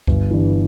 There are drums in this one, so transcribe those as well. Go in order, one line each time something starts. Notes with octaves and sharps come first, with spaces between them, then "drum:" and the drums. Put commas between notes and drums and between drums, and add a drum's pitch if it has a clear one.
G1, drum: kick C#2
G2 E3